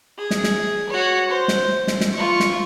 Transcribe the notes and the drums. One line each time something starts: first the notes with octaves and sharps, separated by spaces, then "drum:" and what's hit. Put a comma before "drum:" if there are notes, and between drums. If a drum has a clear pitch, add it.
G#4
drum: snare
drum: snare
F#4 C#5
C5
drum: snare
drum: snare
drum: snare
F4 C#6
drum: snare